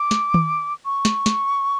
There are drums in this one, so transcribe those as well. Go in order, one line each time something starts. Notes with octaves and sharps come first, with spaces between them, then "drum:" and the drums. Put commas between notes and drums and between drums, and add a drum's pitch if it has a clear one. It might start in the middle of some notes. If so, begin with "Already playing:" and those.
Already playing: D6
drum: snare
drum: tom D#3
C#6
drum: snare
drum: snare